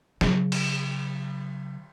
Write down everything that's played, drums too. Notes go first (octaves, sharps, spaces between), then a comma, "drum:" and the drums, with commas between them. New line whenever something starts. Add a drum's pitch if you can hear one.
C#3 F#3, drum: snare
drum: cymbal